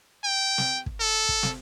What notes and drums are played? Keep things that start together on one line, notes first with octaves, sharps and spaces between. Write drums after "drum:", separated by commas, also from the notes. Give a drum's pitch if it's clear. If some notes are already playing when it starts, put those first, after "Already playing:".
G5
drum: snare
drum: kick
A4
drum: kick
drum: snare